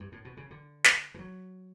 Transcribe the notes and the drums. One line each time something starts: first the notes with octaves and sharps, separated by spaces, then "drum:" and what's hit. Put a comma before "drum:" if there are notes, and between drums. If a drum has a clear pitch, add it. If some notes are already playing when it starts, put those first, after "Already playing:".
G2
A2
B2
C#3
D3
drum: snare
E3
F#3